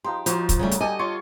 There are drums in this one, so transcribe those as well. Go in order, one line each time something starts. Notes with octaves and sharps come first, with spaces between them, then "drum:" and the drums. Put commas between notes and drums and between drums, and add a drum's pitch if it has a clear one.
F3 D#4 G4 C6
F3 D#4 F#4 C#5, drum: hi-hat
drum: kick, hi-hat
C#3 G3 A3
drum: hi-hat
D4 G4 A4 D#5 G#5
F4 C#5 C6 C#6